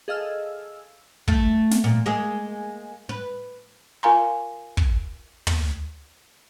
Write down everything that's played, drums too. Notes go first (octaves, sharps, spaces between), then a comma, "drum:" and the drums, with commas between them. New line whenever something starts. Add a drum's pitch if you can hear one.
G#4 A4 D#5 F5 E6 F6
A3, drum: kick
drum: snare
A#2
G#3 A#3 G#4
B4
F4 A#4 F5 G#5 A#5 C6
drum: kick
drum: tom